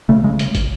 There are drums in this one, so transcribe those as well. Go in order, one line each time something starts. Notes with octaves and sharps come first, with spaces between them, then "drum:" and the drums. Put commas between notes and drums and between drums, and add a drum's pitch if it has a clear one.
C#3 A3
C#3 G#3
drum: hi-hat
drum: kick, hi-hat